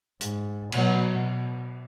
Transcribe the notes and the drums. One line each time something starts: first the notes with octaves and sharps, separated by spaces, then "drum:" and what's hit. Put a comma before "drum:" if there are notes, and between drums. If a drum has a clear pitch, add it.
G#2, drum: hi-hat
B2 F#3, drum: cymbal
B2